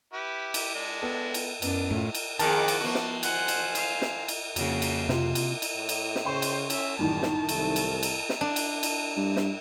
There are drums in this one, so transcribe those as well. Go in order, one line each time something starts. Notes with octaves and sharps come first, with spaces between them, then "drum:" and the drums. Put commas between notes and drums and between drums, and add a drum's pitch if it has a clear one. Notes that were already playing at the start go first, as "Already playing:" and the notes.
E4 G4 B4
drum: cymbal
G#3 D4
B3 A4 G5
drum: cymbal
F#2 B3 D4, drum: cymbal
A2 E4 F4
drum: cymbal
F2 D#3 G#4 A#4 F#5 A5 D6, drum: cymbal
drum: cymbal
F3 B3 F#4
drum: snare
C5 F#5 G#5, drum: cymbal
drum: cymbal
F5, drum: cymbal
drum: snare
drum: cymbal
F2 C#3 A#3 F#4, drum: cymbal
drum: cymbal
C3 F4, drum: snare
drum: cymbal
drum: cymbal
A2
drum: cymbal
drum: snare
C#3 C5 G5 C6 C#6
drum: cymbal
C#4 E5, drum: cymbal
G1 F#2 A2 D#3 G3 A5
drum: snare
C2 A3, drum: cymbal
drum: cymbal
drum: cymbal
drum: snare
D4
drum: cymbal
drum: cymbal
G2
drum: snare